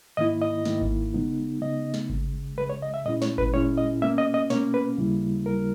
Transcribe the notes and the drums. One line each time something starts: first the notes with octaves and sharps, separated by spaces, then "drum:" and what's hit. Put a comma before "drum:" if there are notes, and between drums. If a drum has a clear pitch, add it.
G#2 D#3 A#3 E4 D#5
D#5
G#2 D#3 A#3 E4, drum: snare
drum: kick G#1
C#3 G#3 B3 D#4
C#3 G#3 B3 D#4 D#5
drum: snare
C#2 C#3 G#3, drum: kick G#1
C#2 C#3 G#3 B4
C#5
D#5
E5
A#2 G#3 C#4 E4 D#5
C#5, drum: snare
B4, drum: kick G#1
A#2 G#3 C#4 E4 C#5
D#5
B2 A#3 C#4 E5
D#5
D#5
B2 A#3 C#4 C#5, drum: snare
B4
D#2 C#3 G3 A#3 E4
D#2 C#3 G3 A#3 E4 A#4